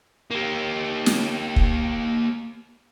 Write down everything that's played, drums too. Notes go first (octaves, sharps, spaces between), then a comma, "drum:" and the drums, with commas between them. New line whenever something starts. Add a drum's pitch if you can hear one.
A#3 G4
drum: snare
drum: kick